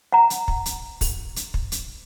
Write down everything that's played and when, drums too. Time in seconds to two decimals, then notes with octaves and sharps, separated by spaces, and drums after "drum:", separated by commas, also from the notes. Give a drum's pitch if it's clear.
0.12 F#5 A#5
0.30 drum: hi-hat
0.48 drum: kick
0.66 drum: hi-hat
1.01 drum: kick, open hi-hat
1.36 drum: hi-hat
1.54 drum: kick
1.72 drum: hi-hat